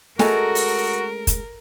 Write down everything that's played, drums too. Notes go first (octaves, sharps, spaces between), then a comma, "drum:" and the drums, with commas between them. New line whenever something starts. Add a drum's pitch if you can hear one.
G#3 A3 C#4 F#4 A4 A#4 G#5 A#5, drum: snare
drum: open hi-hat
drum: kick, hi-hat